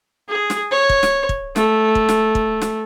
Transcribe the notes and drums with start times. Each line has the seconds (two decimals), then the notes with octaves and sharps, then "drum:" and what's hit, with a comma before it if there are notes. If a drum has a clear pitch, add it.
0.28 G#4
0.50 drum: snare
0.71 C#5
0.89 drum: kick
1.03 drum: snare
1.29 drum: kick
1.56 A3, drum: snare
1.95 drum: kick
2.09 drum: snare
2.35 drum: kick
2.61 drum: snare